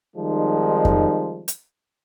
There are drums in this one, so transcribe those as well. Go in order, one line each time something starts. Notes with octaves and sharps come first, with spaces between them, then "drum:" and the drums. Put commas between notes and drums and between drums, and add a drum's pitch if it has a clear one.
D#3 F3 G3 G#3 C4 D#4
drum: kick F2
drum: hi-hat